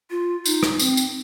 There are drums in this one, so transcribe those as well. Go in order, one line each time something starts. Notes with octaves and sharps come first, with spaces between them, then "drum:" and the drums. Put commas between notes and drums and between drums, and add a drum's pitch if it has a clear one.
F4
D#4, drum: tambourine
drum: rim click
C4, drum: tambourine
drum: tambourine